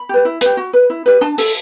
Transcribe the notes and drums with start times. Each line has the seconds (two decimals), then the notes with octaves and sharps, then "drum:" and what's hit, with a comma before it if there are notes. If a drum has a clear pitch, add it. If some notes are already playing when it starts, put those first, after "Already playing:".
Already playing: B5
0.09 G4 B4
0.25 E4
0.41 G4 B4, drum: hi-hat
0.57 F#4
0.73 B4
0.90 E4
1.06 G4 B4
1.21 D4 A5
1.38 A4, drum: open hi-hat